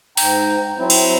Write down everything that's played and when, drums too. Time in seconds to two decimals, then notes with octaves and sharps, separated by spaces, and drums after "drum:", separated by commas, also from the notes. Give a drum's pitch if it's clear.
0.17 G#2 G5 A#5, drum: open hi-hat
0.78 F#3 C4 E4
0.90 drum: cymbal